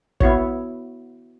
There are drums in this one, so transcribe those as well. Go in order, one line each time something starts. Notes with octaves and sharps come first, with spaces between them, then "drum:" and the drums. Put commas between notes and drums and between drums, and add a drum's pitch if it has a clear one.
B3 E4 F#4 C#5, drum: kick